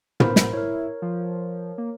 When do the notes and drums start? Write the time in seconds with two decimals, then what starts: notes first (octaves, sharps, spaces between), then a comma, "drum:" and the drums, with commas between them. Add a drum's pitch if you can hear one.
0.20 B3 A#4 C5 B5, drum: tom
0.36 drum: snare
0.53 E4 A#4 C#5
1.02 F3
1.78 A#3